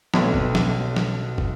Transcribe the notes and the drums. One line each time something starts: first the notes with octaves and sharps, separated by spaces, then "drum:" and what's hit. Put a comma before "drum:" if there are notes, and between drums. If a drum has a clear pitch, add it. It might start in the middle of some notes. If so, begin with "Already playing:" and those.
B1 B2 A3 C4, drum: snare
drum: kick
drum: snare
drum: snare
drum: kick